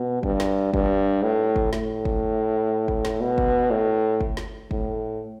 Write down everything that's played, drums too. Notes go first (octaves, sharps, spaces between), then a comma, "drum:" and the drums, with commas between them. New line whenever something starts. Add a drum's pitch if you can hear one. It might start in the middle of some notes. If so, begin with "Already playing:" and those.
Already playing: B2
G2, drum: kick G1
drum: snare
G2, drum: kick G1
A2
drum: kick G1
A2, drum: snare
drum: kick G1
drum: kick G1
drum: snare
B2
drum: kick G1
A2
drum: kick G1
drum: snare
A2, drum: kick G1